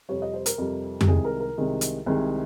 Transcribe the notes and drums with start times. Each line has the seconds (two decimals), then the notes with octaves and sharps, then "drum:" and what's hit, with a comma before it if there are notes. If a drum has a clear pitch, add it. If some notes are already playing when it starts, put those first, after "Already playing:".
0.09 F2 C3 G3 C#5
0.22 D#5
0.34 C5
0.46 A#4, drum: hi-hat
0.58 F2 C3 G3
1.01 G4, drum: tom F2
1.08 C2 C3 D#3 G#3 G#4
1.25 A#4
1.40 A#4
1.58 C2 C3 D#3 G#3
1.81 drum: hi-hat
2.06 C2 C3 D#3 G#3